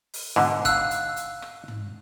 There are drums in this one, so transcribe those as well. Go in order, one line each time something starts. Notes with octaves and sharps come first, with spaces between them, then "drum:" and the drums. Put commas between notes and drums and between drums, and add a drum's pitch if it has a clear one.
drum: open hi-hat
G#2 B2 D3
F5 E6 F#6, drum: kick, hi-hat
drum: hi-hat
drum: hi-hat
drum: rim click
drum: tom